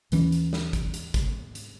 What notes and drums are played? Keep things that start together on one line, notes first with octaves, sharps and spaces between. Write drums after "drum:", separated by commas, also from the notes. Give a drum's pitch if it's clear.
D#2 E3 C#4, drum: hi-hat
drum: hi-hat
drum: snare
drum: kick, hi-hat
drum: hi-hat
drum: kick, hi-hat
drum: hi-hat